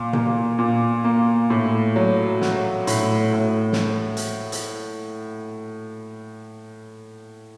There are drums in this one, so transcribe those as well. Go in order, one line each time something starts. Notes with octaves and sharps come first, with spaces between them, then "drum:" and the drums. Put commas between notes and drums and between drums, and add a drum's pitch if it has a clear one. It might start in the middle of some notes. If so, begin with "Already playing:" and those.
Already playing: A#2
A#3, drum: tom B2
A#2
A#3
A2
F#3
F#4, drum: snare
A2, drum: hi-hat
A2
drum: snare
drum: hi-hat
drum: hi-hat